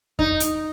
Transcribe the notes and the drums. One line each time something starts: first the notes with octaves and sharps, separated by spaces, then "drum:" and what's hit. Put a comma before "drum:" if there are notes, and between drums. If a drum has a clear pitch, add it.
D#4, drum: kick F2
drum: hi-hat